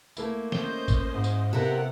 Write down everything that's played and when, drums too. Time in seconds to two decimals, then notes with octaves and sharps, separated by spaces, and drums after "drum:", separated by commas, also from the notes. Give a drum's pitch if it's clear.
0.17 A3 A#3 E4, drum: tambourine
0.52 C#4 C5 D#5 G6, drum: snare
0.88 drum: kick G#1, tambourine
1.15 G#2 E4
1.24 drum: tambourine
1.53 C3 B3 E4 G4 A4 A#4 F5 F#5